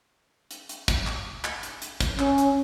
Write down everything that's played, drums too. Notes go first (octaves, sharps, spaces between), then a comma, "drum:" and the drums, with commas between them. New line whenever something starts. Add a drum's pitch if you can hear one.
drum: hi-hat
drum: hi-hat
drum: kick, hi-hat
drum: clap
drum: clap
drum: hi-hat
drum: hi-hat
drum: kick, hi-hat
C#4, drum: clap
drum: hi-hat